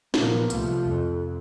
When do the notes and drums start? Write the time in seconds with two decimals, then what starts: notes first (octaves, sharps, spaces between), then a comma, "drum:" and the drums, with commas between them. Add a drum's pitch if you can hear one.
0.14 A#2 F3 A#3 B3, drum: snare
0.50 C2 C3 F3 A3, drum: hi-hat
0.87 F2